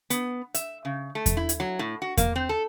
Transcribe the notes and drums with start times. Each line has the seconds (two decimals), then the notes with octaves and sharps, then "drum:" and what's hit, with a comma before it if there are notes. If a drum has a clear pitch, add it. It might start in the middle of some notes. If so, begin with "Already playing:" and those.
0.10 B3, drum: hi-hat
0.54 E5, drum: hi-hat
0.85 C#3
1.15 A3
1.26 drum: kick E2, hi-hat
1.37 E4
1.49 drum: hi-hat
1.60 F#3
1.79 A2
2.02 F#4
2.17 A#3, drum: kick E2, hi-hat
2.36 C4
2.49 A4